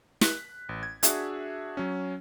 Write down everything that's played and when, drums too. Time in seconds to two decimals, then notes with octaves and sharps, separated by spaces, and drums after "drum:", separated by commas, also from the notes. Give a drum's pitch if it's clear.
0.21 F#6 B6, drum: snare
0.69 A1
0.83 G#6
1.03 D4 F#4 G#4 E5 F#5, drum: hi-hat
1.77 F#3 C#4